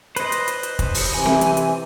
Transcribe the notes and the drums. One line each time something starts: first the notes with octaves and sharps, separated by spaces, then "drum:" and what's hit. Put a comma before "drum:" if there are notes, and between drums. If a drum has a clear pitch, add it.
B4 C5 D#5, drum: hi-hat
drum: hi-hat
drum: hi-hat
drum: hi-hat
drum: kick, hi-hat
drum: open hi-hat
C3 E3 G#5
drum: snare C4
drum: hi-hat
drum: hi-hat